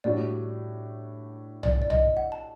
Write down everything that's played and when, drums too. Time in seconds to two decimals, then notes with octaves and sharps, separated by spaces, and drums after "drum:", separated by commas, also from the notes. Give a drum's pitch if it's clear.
0.04 A2 G3 D4 F#4 D5
1.63 D5, drum: tom
1.82 D5
1.90 D#5, drum: tom
2.17 F#5
2.32 A5